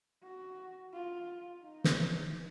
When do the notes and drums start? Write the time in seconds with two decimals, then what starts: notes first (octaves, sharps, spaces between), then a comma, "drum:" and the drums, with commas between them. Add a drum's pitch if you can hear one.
0.24 F#4
0.94 F4
1.63 D#4
1.84 drum: snare